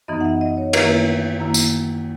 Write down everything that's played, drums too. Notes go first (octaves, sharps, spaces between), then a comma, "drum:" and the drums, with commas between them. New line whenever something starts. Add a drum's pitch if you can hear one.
F#2 E3 B3 D#4 D#5
F#5
E5
D#5
C#5
F#2 D#3 A#3 E4 B4, drum: cymbal
F#2 D#3 A#3 E4
drum: tambourine